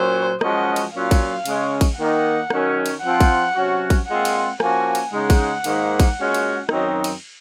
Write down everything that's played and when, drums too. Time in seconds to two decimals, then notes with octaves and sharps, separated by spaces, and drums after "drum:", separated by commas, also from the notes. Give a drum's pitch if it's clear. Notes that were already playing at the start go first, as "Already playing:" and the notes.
Already playing: A#2 F#3 C#4 C5
0.41 F#2 F3 G#3 C#4 F#4 D#5, drum: rim click
0.76 drum: cymbal
0.93 A#2 F#3 C#4 F4 F5
1.11 drum: kick, cymbal
1.45 C#3 G#3 C#4, drum: cymbal
1.81 drum: kick, cymbal
1.98 D#3 A#3 D#4 F#5
2.50 F#2 D#3 F#3 C#4, drum: rim click
2.86 drum: cymbal
3.03 F3 C4 F4 F#5
3.20 drum: kick, cymbal
3.55 C3 F#3 C#4 F#4
3.90 drum: kick, cymbal
4.07 A#2 G#3 C4 F4 F#5
4.25 drum: cymbal
4.60 F3 A#3 C#4 F#4 G#5, drum: rim click
4.95 drum: cymbal
5.12 C#3 G#3 D#4 F#5
5.30 drum: kick, cymbal
5.64 G#2 D#3 A#3, drum: cymbal
6.00 drum: kick, cymbal
6.17 A#2 G#3 C#4 F#4
6.34 drum: cymbal
6.69 F#2 D#3 F#3 C4 D#4, drum: rim click
7.04 drum: cymbal